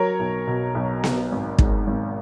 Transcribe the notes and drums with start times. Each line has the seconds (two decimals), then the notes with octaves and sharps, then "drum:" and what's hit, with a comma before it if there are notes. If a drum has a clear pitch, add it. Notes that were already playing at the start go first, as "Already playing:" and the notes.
Already playing: F#3 A#4 C#5
0.19 B1
0.47 B2
0.75 B1
1.04 F#3, drum: snare B3
1.32 G#1
1.58 G#2, drum: kick
1.87 G#1